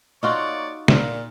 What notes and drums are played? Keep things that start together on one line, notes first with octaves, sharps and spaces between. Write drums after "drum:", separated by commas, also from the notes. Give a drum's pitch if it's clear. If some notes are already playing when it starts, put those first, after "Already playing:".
A#3 D#4 F4 F#4 C#5 D5
A#2, drum: snare